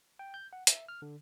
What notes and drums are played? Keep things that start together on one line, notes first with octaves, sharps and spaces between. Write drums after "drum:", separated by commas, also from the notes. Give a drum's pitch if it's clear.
G5
G6
F#5
E5, drum: hi-hat
F6
D3